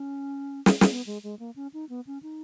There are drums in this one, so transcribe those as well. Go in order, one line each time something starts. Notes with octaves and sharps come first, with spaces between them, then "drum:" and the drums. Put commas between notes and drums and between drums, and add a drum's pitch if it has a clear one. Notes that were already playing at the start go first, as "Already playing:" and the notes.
Already playing: C#4
drum: snare
drum: snare
B3
G#3
G#3
A#3
C#4
D#4
B3
C#4
D#4